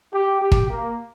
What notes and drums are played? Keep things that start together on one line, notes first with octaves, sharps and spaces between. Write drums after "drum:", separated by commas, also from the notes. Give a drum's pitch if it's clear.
G4
G4
drum: kick
A#3